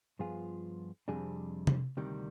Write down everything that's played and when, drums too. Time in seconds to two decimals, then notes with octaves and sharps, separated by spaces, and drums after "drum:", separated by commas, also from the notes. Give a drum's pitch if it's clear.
0.19 G2 F3 B3 F4 G#4
1.08 F2 C3 G3 D4 G#4
1.67 drum: tom C3
1.97 D2 C3 D#3 G3